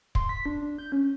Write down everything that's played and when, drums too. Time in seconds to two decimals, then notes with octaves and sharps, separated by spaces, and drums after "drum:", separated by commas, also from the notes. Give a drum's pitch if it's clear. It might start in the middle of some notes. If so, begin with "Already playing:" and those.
0.15 C6, drum: kick
0.29 B6
0.46 D4
0.62 D4
0.78 G6
0.92 C#4